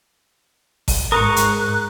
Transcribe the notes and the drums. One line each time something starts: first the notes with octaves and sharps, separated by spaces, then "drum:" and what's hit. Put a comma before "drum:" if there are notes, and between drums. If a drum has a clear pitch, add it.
drum: kick G#1, open hi-hat
G#2 A#4 A#5 C#6 D#6 F#6
drum: hi-hat